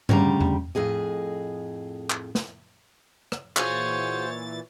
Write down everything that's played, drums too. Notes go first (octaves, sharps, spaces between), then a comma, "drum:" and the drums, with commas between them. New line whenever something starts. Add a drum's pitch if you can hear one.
D2 C#3 G3 A#5, drum: tom G2
drum: tom E2
F2 A2 G#4 D#5
drum: clap
drum: snare
drum: rim click
A#2 E3 F4 F#4 G#4 C5 C#5 A6, drum: clap